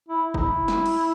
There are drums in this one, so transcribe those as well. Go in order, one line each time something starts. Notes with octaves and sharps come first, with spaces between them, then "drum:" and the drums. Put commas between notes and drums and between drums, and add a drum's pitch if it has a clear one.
E4
D#4, drum: kick
E4
drum: snare
drum: cymbal